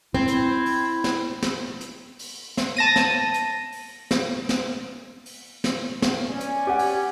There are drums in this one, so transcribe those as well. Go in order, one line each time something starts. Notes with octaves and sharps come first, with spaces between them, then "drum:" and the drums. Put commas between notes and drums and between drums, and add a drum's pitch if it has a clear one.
C4 E4
drum: hi-hat
drum: open hi-hat
drum: snare
drum: snare
drum: hi-hat
drum: open hi-hat
drum: snare
A5 A#6 D#7
drum: snare
drum: hi-hat
drum: open hi-hat
drum: snare
drum: snare
drum: open hi-hat
drum: snare
drum: snare
C#4 D5 G#5
drum: hi-hat
G4 F#5
drum: open hi-hat